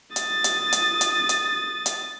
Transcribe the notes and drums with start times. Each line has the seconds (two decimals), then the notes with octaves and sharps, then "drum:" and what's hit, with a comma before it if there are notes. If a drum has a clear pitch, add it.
0.16 D#6 A6, drum: hi-hat
0.44 drum: hi-hat
0.72 drum: hi-hat
1.01 drum: hi-hat
1.29 drum: hi-hat
1.86 drum: hi-hat